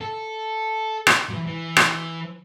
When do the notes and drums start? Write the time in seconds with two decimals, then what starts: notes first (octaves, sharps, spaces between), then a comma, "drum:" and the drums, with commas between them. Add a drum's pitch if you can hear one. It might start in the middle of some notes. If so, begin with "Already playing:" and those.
0.01 A4
1.07 drum: rim click
1.30 E3 F#3
1.46 E3
1.77 drum: rim click